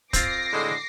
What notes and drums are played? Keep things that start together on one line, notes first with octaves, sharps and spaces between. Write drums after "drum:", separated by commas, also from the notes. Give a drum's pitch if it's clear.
C4 F4 D6 A#6 C7, drum: kick, hi-hat
A2 D3 G#3